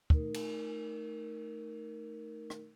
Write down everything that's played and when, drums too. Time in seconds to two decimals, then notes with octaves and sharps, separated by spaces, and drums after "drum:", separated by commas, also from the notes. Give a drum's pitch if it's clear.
0.10 A3 D#4 A#4, drum: kick
0.34 drum: cymbal
2.50 drum: rim click